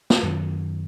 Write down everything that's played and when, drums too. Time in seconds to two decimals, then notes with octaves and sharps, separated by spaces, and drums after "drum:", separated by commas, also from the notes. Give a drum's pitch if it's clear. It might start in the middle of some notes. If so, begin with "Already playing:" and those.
0.10 drum: snare
0.23 F#2 D#3